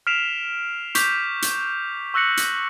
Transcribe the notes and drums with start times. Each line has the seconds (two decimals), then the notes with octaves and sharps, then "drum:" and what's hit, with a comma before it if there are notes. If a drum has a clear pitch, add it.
0.07 F6 B6 C7 D7 E7 F7
0.95 C#6 D6 G6 B6 F7, drum: hi-hat
1.42 drum: hi-hat
2.14 C#6 E6 F#6 A#6 C#7 F#7
2.37 drum: hi-hat